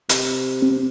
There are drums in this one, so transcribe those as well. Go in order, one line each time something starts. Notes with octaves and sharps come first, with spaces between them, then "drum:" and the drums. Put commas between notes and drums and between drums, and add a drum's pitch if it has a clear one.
C3, drum: hi-hat
C4